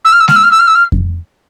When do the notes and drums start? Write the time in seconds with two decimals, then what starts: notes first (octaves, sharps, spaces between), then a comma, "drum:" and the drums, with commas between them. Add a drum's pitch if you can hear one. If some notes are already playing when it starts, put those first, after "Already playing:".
0.04 E6
0.12 F6
0.20 E6
0.28 F6, drum: snare G#3
0.36 E6
0.43 F6
0.51 E6
0.59 F6
0.67 E6
0.75 F6
0.92 drum: kick F2